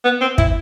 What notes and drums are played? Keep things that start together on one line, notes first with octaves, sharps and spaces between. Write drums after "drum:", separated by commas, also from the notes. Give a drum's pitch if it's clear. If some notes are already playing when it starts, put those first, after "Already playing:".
B3
C4
E4, drum: kick